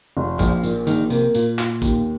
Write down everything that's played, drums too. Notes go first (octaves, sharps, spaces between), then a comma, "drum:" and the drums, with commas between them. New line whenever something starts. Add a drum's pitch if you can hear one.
F1
A#1 F3, drum: kick G#1, tambourine
A#2, drum: tambourine
A#1 D#3, drum: tambourine
C3 A#3, drum: tambourine
A#2 F4, drum: tambourine
F4, drum: clap
D#2, drum: kick G#1, tambourine